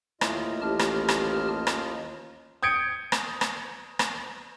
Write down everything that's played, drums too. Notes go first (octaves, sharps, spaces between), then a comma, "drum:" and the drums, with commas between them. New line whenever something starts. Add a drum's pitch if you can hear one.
D#2 A2 F4 D#5, drum: rim click
A1 G4 A5 F6
drum: rim click
drum: rim click
drum: rim click
D#6 G6 G#6 C#7 D7
drum: rim click
drum: rim click
drum: rim click